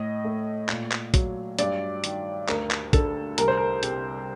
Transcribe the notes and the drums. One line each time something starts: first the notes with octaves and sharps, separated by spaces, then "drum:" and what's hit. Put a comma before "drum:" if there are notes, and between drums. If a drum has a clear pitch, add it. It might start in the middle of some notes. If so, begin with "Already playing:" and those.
Already playing: A2 D#5
A3
A#2, drum: clap
drum: clap
F#3, drum: kick, hi-hat
G2 D5, drum: hi-hat
D#3, drum: hi-hat
D2 A#4, drum: clap
drum: clap
D3 A4, drum: kick, hi-hat
C2 A#4, drum: hi-hat
C5
A#4
C3, drum: hi-hat